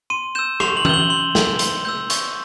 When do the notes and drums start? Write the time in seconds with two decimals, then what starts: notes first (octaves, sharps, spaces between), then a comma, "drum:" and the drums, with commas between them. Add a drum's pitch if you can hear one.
0.10 C6 D#7
0.35 E6 G6 E7
0.60 C6 F7, drum: rim click
0.77 F#7
0.85 E6 G6 G7, drum: tom E3
0.94 F#7
1.10 C6 F#7
1.35 E6 G6, drum: snare
1.59 C6, drum: hi-hat
1.85 E6 G6
2.10 C#6, drum: hi-hat